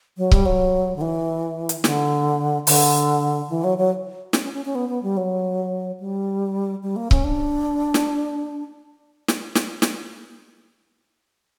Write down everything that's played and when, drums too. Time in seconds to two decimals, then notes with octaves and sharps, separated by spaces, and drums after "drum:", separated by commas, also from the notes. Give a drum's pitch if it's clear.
0.17 F#3
0.31 G3, drum: kick C#1
0.46 F#3
0.96 D3
1.01 E3
1.69 drum: hi-hat
1.84 D3, drum: snare
2.67 D3, drum: open hi-hat
3.50 E3
3.64 F#3
3.78 F#3
4.33 C#4, drum: snare
4.43 C#4
4.54 C#4
4.65 C#4
4.75 B3
4.89 B3
5.03 G3
5.17 F#3
6.00 G3
6.83 G3
6.96 A#3
7.11 C#4, drum: kick C#1
7.24 D4
7.94 drum: snare
9.28 drum: snare
9.55 drum: snare
9.82 drum: snare